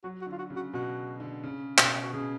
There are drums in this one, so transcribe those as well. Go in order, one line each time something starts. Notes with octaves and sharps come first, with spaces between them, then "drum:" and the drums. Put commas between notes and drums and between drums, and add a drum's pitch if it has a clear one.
F#3 F#4
F#4
D3 F4
F#4
C#3
F#4
B2 F#4
D3
C#3
B2, drum: clap
F#4
C#3 G#4